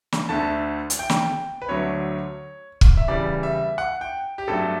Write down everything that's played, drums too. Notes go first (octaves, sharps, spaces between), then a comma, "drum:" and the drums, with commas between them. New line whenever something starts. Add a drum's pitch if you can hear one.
drum: snare
D2 D3 A3 A5
drum: hi-hat
G5
drum: snare
B4
D2 D3 F#3 A3 C#5
drum: kick
E5
E2 C#3 E3 G3 D5
E5
F#5
G5
G4
G2 F#3 A3 A4